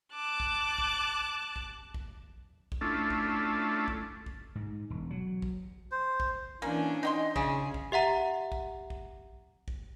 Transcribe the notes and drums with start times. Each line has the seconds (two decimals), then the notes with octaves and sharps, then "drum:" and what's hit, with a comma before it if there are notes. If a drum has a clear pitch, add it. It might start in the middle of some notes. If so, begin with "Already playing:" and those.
0.13 A5 D6 F#6
0.40 drum: kick A#1
0.78 drum: kick A#1
1.56 drum: kick A#1
1.94 drum: kick A#1
2.72 drum: kick A#1
2.81 A3 C#4 D4 E4 F4 A4
3.10 drum: kick A#1
3.88 drum: kick A#1
4.26 drum: kick A#1
4.55 G#2
4.90 E1
5.10 F#3
5.42 drum: kick A#1
5.92 C5
6.20 drum: kick A#1
6.62 E3 A#3 C#4 D4 G#5
7.03 D#4 D#5 G5 C6
7.36 C#3 G#4, drum: kick A#1
7.74 drum: kick A#1
7.92 G4 E5 F#5 A#5
8.52 drum: kick A#1
8.90 drum: kick A#1
9.68 drum: kick A#1